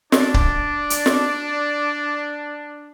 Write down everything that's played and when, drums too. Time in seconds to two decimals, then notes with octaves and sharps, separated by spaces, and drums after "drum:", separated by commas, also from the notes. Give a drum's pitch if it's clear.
0.12 D4 D5, drum: snare
0.34 drum: kick C#1
0.90 drum: hi-hat
1.06 drum: snare